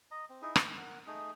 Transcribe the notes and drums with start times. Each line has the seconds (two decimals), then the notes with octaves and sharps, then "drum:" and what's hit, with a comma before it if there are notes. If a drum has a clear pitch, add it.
0.11 D#5 A#5
0.29 C4
0.42 D#4 E4 G#4
0.56 G5, drum: rim click
0.77 A#4 F#5
1.07 A3 D#4 G#4